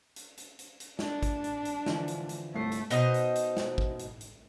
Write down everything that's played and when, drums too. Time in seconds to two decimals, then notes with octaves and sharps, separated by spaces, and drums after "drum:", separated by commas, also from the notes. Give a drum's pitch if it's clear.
0.16 drum: hi-hat
0.37 drum: hi-hat
0.59 drum: hi-hat
0.80 drum: hi-hat
0.99 D4, drum: snare
1.23 drum: kick, hi-hat
1.44 drum: hi-hat
1.65 drum: hi-hat
1.86 D3 E3 F3, drum: snare
2.08 drum: hi-hat
2.29 drum: hi-hat
2.54 G1 C2 A3 C7
2.72 drum: hi-hat
2.90 B2 D#4 C5 D#5, drum: hi-hat
3.14 drum: hi-hat
3.35 drum: hi-hat
3.57 drum: snare
3.78 drum: kick
3.99 drum: hi-hat
4.21 drum: hi-hat